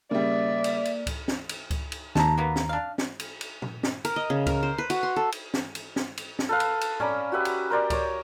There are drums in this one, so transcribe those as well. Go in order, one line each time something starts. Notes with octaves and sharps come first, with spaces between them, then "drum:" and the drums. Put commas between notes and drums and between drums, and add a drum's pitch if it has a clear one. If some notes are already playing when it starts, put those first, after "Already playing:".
C#3 G3 A#3 D5 E5
drum: cymbal
drum: cymbal
drum: kick C#2, cymbal
drum: snare
drum: cymbal
drum: kick C#2, cymbal
drum: cymbal
D#2 A5 A#5, drum: snare
F#3 A#3 B3
drum: snare
D4 F5
drum: snare
drum: cymbal
drum: cymbal
drum: tom A#2
drum: snare
A#4, drum: cymbal
D#5
C#3
A#4, drum: kick C#2, cymbal
C5
B4
F#4, drum: cymbal
C6
A4
drum: cymbal
drum: snare
drum: cymbal
drum: snare
drum: cymbal
drum: snare
A4 B4 F5
drum: cymbal
drum: cymbal
C#4 D5 A#5 B5, drum: tom A2
F#4 G4 B4 E5
drum: cymbal
A#4 C5 D5 A#5
C#5 A#5 D6, drum: kick C#2, cymbal